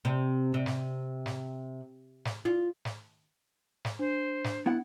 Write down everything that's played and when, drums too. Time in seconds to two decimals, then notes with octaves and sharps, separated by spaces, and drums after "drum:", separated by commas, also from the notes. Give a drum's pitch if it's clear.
0.05 C3
0.54 C3
0.66 drum: snare
1.26 drum: snare
2.25 drum: snare
2.45 F4
2.85 drum: snare
3.85 drum: snare
3.99 D4 C5
4.44 drum: snare
4.66 B3 E4 F#5